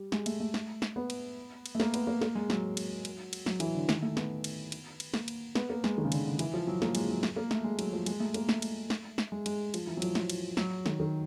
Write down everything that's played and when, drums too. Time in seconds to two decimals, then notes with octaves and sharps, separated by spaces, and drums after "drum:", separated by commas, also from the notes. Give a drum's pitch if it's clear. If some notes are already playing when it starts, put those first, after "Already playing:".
Already playing: G3
0.12 G#3, drum: snare
0.26 A3, drum: cymbal
0.40 A3
0.54 drum: snare
0.82 drum: snare
0.96 B3
1.10 drum: cymbal
1.66 drum: cymbal
1.75 A3
1.80 A#3, drum: snare
1.94 B3, drum: cymbal
2.07 A#3
2.22 A#3, drum: snare
2.35 G#3
2.50 F#3, drum: snare
2.77 drum: cymbal
3.05 drum: cymbal
3.33 drum: cymbal
3.46 F#3, drum: snare
3.60 E3, drum: cymbal
3.75 D3
3.89 D#3, drum: snare
4.02 A3
4.17 B3, drum: snare
4.44 drum: cymbal
4.72 drum: cymbal
5.00 drum: cymbal
5.14 A#3, drum: snare
5.28 drum: cymbal
5.55 B3, drum: snare
5.70 A#3
5.84 G#3, drum: snare
5.98 D#3
6.05 C#3
6.12 D3, drum: cymbal
6.25 D3
6.39 E3, drum: cymbal
6.54 F3
6.67 F#3
6.82 A#3, drum: snare
6.95 G#3, drum: cymbal
7.09 F#3
7.23 drum: snare
7.36 A#3
7.51 A3, drum: snare
7.64 G#3
7.79 F#3, drum: cymbal
7.92 F3
8.06 G#3, drum: cymbal
8.20 A3
8.34 A#3, drum: cymbal
8.49 A3, drum: snare
8.62 drum: cymbal
8.90 drum: snare
9.18 drum: snare
9.32 G#3
9.46 G#3, drum: cymbal
9.74 F3, drum: cymbal
9.87 E3
9.97 F#3
10.02 F3, drum: cymbal
10.15 F3, drum: snare
10.30 drum: cymbal
10.57 F#3, drum: snare
10.86 D#3, drum: snare
11.00 D#3